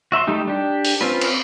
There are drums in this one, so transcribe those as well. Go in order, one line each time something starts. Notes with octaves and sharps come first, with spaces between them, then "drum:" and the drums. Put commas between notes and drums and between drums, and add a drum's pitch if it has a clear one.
F#4 E5 B5 C6
G3 A3 D#4 G4
D4 G4
drum: open hi-hat
C4 C#4 F4 B4
drum: cymbal